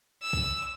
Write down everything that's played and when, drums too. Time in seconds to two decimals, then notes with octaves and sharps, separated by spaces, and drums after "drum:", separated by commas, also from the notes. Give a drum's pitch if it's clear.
0.23 E6
0.33 drum: kick